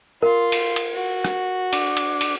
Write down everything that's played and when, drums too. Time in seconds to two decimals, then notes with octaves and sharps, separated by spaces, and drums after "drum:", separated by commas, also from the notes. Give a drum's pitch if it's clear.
0.22 F4 A#4 C6
0.52 drum: cymbal
0.76 drum: cymbal
0.95 F#4
1.24 drum: rim click
1.73 D4, drum: cymbal
1.97 drum: cymbal
2.21 drum: cymbal